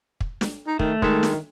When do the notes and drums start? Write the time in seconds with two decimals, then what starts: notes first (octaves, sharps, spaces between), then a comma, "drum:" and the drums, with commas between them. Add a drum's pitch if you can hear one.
0.21 drum: kick
0.41 drum: snare
0.67 D#4
0.79 D#3 A3, drum: kick
1.02 D#3 G#3 A4 E5, drum: kick
1.23 drum: snare